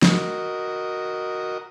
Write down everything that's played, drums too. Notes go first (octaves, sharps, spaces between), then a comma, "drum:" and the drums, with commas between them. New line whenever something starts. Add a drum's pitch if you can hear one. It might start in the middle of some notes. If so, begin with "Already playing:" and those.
F#4 A#4 D#5, drum: snare